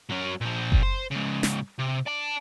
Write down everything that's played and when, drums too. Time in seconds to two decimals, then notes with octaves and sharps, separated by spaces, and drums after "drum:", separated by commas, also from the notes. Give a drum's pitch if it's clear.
0.10 F#3 C#4
0.41 A#2 F3
0.72 drum: kick F#1
0.83 C5
1.11 G#2 C#3
1.43 drum: snare
1.79 C3
2.06 D5 A5